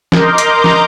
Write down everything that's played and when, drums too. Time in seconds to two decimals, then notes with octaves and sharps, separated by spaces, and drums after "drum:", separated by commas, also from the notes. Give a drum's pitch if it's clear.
0.12 A#4 D#5 A#5 C6 D6 G6, drum: snare
0.38 drum: hi-hat
0.64 drum: snare